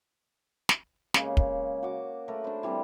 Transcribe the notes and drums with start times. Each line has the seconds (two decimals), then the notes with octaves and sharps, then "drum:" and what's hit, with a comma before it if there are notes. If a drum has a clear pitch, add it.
0.69 drum: snare
1.14 C#3 G#3 A#3, drum: snare
1.37 drum: kick
1.83 F#4 D6
2.28 A3 A#4 B4
2.44 D4 C5
2.63 E3 G3 C4 A#4